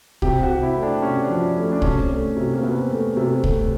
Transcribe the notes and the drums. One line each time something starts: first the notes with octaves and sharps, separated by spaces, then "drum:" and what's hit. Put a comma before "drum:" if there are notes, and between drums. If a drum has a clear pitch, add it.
C3 G4, drum: kick
F#4
C3
E4
A3
D4
C3 C#4
D4
F3
D4
A3
C#4
D4
C3 C#4, drum: kick
A3
C3
A#3
C3 B3
A3
C3
A3, drum: kick